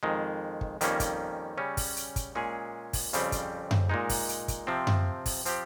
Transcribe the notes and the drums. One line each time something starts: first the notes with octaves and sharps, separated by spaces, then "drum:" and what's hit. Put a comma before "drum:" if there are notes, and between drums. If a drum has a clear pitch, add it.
F2 D#3 G#3
drum: kick
F2 D#3 G3 A#3 C#4, drum: hi-hat
drum: kick, hi-hat
C#3 G3 C#4
drum: kick, open hi-hat
drum: hi-hat
drum: kick, hi-hat
A#2 G#3 C#4 G#4
drum: kick, open hi-hat
F2 C#3 G3 C4, drum: hi-hat
drum: kick, hi-hat
drum: tom F#2
A#2 G#3 D#4
drum: kick, open hi-hat
drum: hi-hat
drum: kick, hi-hat
C3 F3 C4
drum: tom F#2
drum: kick, open hi-hat
F3 C4 G4, drum: hi-hat